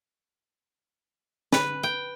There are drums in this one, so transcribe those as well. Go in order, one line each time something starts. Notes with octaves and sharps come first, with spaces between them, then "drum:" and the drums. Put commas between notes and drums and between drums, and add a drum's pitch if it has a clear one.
B4, drum: snare
G5